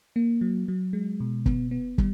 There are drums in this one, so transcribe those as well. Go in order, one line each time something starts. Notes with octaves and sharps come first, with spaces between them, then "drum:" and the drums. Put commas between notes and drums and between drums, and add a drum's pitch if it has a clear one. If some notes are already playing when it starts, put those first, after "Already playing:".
A#3
F#3
F#3
G#3
B2
B3, drum: kick
B3
G3, drum: kick